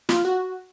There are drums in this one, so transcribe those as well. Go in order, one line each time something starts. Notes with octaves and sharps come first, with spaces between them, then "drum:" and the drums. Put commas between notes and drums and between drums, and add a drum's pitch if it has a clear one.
F4, drum: snare
F#4